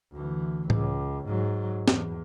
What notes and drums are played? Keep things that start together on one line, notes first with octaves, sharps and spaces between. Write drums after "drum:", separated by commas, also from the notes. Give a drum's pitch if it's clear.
D2 E3
C#2, drum: tom A2
G#2 F#3
E2, drum: snare